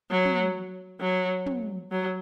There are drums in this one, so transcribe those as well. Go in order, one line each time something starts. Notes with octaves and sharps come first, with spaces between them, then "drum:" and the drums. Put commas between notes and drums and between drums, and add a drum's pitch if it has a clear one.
F#3
drum: tom
F#3
drum: tom
F#3